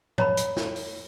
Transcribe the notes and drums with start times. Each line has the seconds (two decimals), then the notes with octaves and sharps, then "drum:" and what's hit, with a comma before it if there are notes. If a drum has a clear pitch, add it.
0.18 C#5 A#5 B5, drum: tom
0.37 drum: hi-hat
0.56 drum: snare
0.76 drum: open hi-hat